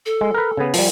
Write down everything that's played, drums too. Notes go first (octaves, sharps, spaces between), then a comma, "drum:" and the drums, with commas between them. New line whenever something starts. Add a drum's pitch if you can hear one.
A4
G#3
A#4 B4
C#3 B3
F3 G3, drum: open hi-hat